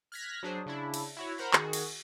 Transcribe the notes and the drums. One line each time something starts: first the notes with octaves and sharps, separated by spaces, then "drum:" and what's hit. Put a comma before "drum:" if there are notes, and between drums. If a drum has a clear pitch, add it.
F6 F#6 G#6 A#6 B6
F#3 D4 G#4 C5
C#3 D4 E4
drum: cymbal
E4 F#4 C#5
A#4 C5 F#5 A#5 B5
D#3 F#4 G#4, drum: clap
drum: cymbal